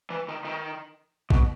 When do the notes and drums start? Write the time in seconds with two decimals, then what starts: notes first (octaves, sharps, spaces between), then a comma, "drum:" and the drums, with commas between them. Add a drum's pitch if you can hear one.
0.10 E3
0.28 D#3
0.45 D#3
1.30 B2, drum: kick